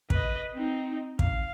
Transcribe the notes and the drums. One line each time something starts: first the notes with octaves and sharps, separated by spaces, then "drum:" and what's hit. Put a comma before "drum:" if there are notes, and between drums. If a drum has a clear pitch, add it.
B4 D#5, drum: kick
C4 D#4
F5, drum: kick